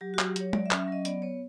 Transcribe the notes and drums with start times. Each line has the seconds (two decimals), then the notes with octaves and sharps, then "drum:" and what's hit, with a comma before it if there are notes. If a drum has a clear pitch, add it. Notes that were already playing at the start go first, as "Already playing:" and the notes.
0.01 F#3 G4
0.14 F#4
0.19 F#3, drum: clap
0.27 G4
0.36 F#3 C#5, drum: hi-hat
0.53 F#3 D5, drum: tom
0.66 E5
0.71 C#4, drum: clap
0.79 E5
0.88 F#3 D#5
1.05 B3 D5, drum: hi-hat
1.22 B3 C#5